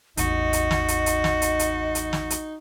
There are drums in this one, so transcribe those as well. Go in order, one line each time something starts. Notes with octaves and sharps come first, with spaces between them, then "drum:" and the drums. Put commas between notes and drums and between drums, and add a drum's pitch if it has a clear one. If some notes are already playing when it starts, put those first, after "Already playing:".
A1 E2 D#4 F#4 D#5, drum: hi-hat
drum: hi-hat
drum: snare
drum: hi-hat
drum: hi-hat
drum: snare
drum: hi-hat
drum: hi-hat
drum: hi-hat
drum: snare
drum: hi-hat